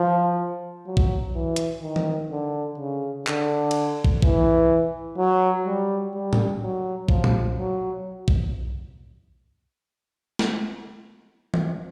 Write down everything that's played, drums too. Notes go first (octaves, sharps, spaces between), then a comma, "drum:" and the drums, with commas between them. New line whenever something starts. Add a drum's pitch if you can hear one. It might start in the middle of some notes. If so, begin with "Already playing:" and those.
Already playing: F3
F#3
drum: kick
E3
drum: hi-hat
D#3
drum: tom
D3
C#3
D3, drum: clap
drum: cymbal
drum: kick
E3, drum: kick
F#3
G3
G3
drum: tom A2
F#3
F3, drum: kick
drum: tom A#2
F#3
drum: kick
drum: snare
drum: tom